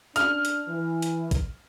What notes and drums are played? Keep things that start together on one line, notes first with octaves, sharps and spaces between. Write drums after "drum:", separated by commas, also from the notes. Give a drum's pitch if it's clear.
D4 F6, drum: hi-hat
drum: hi-hat
E3
drum: hi-hat
drum: kick A1, hi-hat